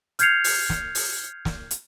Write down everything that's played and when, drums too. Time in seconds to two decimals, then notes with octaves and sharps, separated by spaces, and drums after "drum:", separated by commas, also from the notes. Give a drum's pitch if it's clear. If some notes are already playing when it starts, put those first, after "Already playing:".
0.19 F6 G6 G#6 C7 C#7 F7, drum: hi-hat
0.44 drum: open hi-hat
0.69 drum: snare
0.95 drum: open hi-hat
1.45 drum: snare
1.71 drum: hi-hat